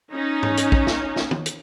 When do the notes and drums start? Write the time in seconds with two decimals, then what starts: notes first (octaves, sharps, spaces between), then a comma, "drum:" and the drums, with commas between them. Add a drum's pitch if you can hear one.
0.13 C#4 D#4
0.43 drum: tom G#2
0.57 drum: hi-hat
0.72 drum: kick
0.87 drum: snare
1.16 drum: snare
1.31 drum: tom
1.46 drum: hi-hat